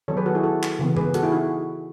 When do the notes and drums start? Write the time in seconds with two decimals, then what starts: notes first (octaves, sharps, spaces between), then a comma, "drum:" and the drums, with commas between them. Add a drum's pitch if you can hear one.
0.08 D#3 F#3 B3 A4 C#5
0.17 G#4 B4
0.26 F#4 A4
0.35 E4 G#4
0.43 F#4 A4
0.63 drum: clap
0.79 C#3 E3 B3
0.97 G#4 B4, drum: tom G#2
1.14 F#4 A4, drum: hi-hat
1.23 E4 G#4
1.32 D#4 F#4